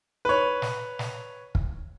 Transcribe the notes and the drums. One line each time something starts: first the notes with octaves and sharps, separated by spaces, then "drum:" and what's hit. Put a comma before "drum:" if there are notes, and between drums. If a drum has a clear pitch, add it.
B4 C#5
drum: snare
drum: snare
drum: kick